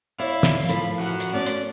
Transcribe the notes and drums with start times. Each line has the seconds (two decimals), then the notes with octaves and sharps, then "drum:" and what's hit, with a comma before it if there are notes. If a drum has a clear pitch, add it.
0.20 E4 C#5 D5 F5
0.43 drum: snare
0.69 A2 F3 A4 B5, drum: hi-hat
1.00 F#4 A#4 F#5
1.20 drum: hi-hat
1.33 A3 C#4 D5
1.46 drum: hi-hat